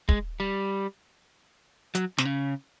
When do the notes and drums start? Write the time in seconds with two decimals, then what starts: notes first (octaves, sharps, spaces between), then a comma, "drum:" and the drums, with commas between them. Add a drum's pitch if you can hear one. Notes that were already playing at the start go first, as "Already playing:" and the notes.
0.09 G#3, drum: kick
0.40 G3
1.95 F#3, drum: hi-hat
2.18 C3, drum: snare
2.25 C#3